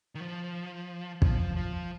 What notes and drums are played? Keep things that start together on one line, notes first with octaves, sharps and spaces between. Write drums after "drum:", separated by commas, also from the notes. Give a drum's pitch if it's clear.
D#3
F3
F3, drum: kick
F3